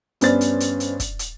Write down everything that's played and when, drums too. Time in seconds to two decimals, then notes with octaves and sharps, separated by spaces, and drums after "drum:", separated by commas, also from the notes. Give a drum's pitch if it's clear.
0.21 G2 B3 C#4 D4 C5 A6, drum: hi-hat
0.41 drum: hi-hat
0.60 drum: hi-hat
0.80 drum: hi-hat
1.00 drum: kick, hi-hat
1.19 drum: hi-hat